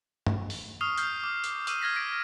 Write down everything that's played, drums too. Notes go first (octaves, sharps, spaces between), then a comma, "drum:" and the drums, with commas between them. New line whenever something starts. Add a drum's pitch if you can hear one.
drum: tom G2
drum: open hi-hat
C#6 D#6 F6 C7
F6 G6 C7, drum: hi-hat
D6
drum: hi-hat
D6 E6 D#7, drum: hi-hat
F6 G#6 A#6 B6
A#6 B6 D7